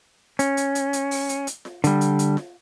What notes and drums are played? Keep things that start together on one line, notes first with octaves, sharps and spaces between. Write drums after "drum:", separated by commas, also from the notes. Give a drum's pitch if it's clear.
C#4, drum: hi-hat
drum: hi-hat
drum: hi-hat
drum: hi-hat
drum: open hi-hat
drum: hi-hat
drum: hi-hat
drum: snare F4
D3 G3, drum: hi-hat
drum: hi-hat
drum: hi-hat
drum: snare F4